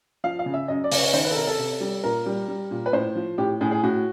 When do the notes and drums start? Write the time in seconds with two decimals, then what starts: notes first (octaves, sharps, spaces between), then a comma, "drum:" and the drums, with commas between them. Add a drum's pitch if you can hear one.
0.24 F3 F5
0.39 F5
0.46 C#3
0.54 E5
0.68 F#2 D#5
0.84 D5
0.92 C#3, drum: open hi-hat
0.99 C#5
1.13 D#3 C5
1.25 B4
1.31 A4
1.36 C3 A#4
1.47 A4
1.59 C3
1.81 G3
2.04 A#2 A#4
2.26 G3
2.48 G3
2.71 A#2
2.86 B4
2.93 A2 C5
3.15 F3
3.38 A2 G4
3.61 A2 G#4
3.71 G#4
3.83 A2 F#4